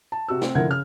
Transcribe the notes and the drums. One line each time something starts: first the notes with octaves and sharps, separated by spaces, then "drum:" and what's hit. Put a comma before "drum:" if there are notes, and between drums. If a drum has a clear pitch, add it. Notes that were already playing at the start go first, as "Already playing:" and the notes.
A5
C3 F#4 E6
C4, drum: snare
D3 F3 E4 A#4 F#5 G#6
C#3 F6